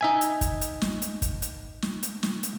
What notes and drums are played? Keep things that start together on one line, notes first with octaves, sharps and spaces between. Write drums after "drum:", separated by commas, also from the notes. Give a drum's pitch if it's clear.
D#4 E5 G#5
drum: hi-hat
drum: kick, hi-hat
drum: hi-hat
drum: snare
drum: hi-hat
drum: kick, hi-hat
drum: hi-hat
drum: snare
drum: hi-hat
drum: snare
drum: hi-hat